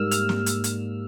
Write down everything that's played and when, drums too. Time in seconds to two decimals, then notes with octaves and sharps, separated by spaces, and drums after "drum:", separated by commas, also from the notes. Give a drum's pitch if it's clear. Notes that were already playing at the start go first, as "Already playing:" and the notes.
Already playing: G#2 G3 A#3 E6 F6
0.11 F6, drum: hi-hat
0.29 drum: snare
0.46 drum: hi-hat
0.64 drum: hi-hat